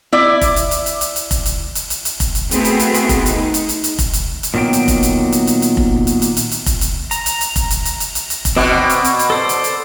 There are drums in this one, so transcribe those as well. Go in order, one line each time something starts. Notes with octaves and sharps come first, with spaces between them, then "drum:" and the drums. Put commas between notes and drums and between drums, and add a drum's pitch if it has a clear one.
E4 D5
drum: kick F1, hi-hat
drum: hi-hat
drum: hi-hat
drum: hi-hat
drum: hi-hat
drum: hi-hat
drum: kick F1, hi-hat
drum: hi-hat
drum: hi-hat
drum: hi-hat
drum: hi-hat
drum: kick F1, hi-hat
drum: hi-hat
A3 B3 C4 E4 F#4 G#4, drum: hi-hat
drum: hi-hat
drum: hi-hat
drum: hi-hat
drum: kick F1, hi-hat
D#4, drum: hi-hat
drum: hi-hat
drum: hi-hat
drum: hi-hat
drum: kick F1, hi-hat
drum: hi-hat
drum: hi-hat
A#2 D#3 F#3 B3 G5
drum: hi-hat
drum: kick F1, hi-hat
drum: hi-hat
drum: hi-hat
drum: hi-hat
drum: hi-hat
drum: kick F1
drum: hi-hat
drum: hi-hat
drum: hi-hat
drum: hi-hat
drum: kick F1, hi-hat
drum: hi-hat
A#5, drum: hi-hat
drum: hi-hat
drum: hi-hat
drum: kick F1, hi-hat
drum: hi-hat
drum: hi-hat
drum: hi-hat
drum: hi-hat
drum: hi-hat
drum: kick F1, hi-hat
B2 C4 D5 F#5
drum: hi-hat
drum: hi-hat
drum: hi-hat
A4 C5 D5
drum: hi-hat
drum: hi-hat